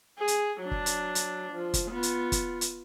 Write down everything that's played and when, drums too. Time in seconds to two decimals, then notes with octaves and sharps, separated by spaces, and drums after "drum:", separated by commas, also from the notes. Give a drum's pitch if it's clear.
0.18 G#4
0.28 drum: hi-hat
0.61 F#3 D4
0.71 drum: kick
0.86 drum: hi-hat
1.15 drum: hi-hat
1.52 F3
1.74 drum: kick, hi-hat
1.88 B3 F4
2.03 drum: hi-hat
2.32 drum: kick, hi-hat
2.61 drum: hi-hat